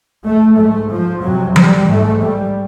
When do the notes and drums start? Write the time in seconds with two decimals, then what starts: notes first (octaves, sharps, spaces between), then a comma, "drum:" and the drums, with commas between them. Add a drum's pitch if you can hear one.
0.24 A3
0.57 G#2 A3
0.90 F3
1.23 F2 C3 F#3
1.56 G3, drum: tom E3
1.89 G#2 A3
2.21 G3